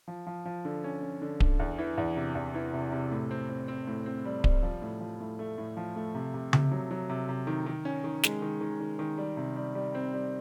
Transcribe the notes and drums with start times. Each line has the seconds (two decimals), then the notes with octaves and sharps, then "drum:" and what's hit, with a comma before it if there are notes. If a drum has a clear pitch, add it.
0.08 F3
0.27 F3
0.45 F3
0.65 D3
0.84 C#4
1.03 C#4
1.22 D3
1.40 D3, drum: kick D1
1.60 E2
1.78 E3
1.98 E2
2.17 C3
2.35 E2
2.54 E3
2.73 C3
2.92 C3
3.11 A2
3.31 C4
3.49 C4
3.68 C4
3.87 A2
4.06 C4
4.25 G3
4.44 G3, drum: kick D1
4.63 F3
4.82 A2
5.01 F3
5.20 A2
5.39 A3
5.58 A2
5.77 F3
5.96 A3
6.15 C3
6.34 C3
6.53 C3, drum: tom C#3
6.71 F#3
6.91 F#3
7.10 C3
7.29 C3
7.47 D#3
7.66 D#3
7.85 C#4
8.04 D#3
8.23 G#3, drum: snare
8.42 D#3
8.61 D#3
8.80 D#3
8.99 D#3
9.18 G3
9.37 C3
9.56 G3
9.75 G3
9.95 C4
10.13 G3